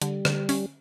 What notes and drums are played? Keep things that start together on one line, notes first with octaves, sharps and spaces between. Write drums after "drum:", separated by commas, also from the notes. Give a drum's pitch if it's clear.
D3 G3, drum: hi-hat
D3, drum: rim click
C#4, drum: open hi-hat